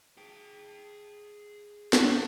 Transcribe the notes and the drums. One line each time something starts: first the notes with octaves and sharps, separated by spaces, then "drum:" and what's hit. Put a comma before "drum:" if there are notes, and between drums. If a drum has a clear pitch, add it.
G#4 G5
drum: snare